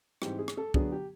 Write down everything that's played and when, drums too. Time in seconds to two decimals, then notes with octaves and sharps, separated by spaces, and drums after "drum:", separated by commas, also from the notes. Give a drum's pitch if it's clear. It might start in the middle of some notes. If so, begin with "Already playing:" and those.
0.22 G#2 E3 G3 C4 G4, drum: rim click
0.39 G#4
0.48 drum: rim click
0.57 A4
0.74 D3 F#3 B3 D4 G#4, drum: kick
0.92 G4